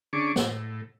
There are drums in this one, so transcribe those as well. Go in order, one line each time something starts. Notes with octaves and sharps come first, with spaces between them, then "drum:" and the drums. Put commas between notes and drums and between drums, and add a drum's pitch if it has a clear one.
D3 C#4 D4 G#4 C#6 D6
A2, drum: snare